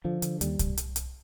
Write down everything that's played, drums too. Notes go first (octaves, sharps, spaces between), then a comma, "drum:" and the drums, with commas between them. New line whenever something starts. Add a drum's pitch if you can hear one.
D3 F3
D3, drum: hi-hat
D#2 G3, drum: hi-hat
drum: kick C2, hi-hat
drum: hi-hat
drum: hi-hat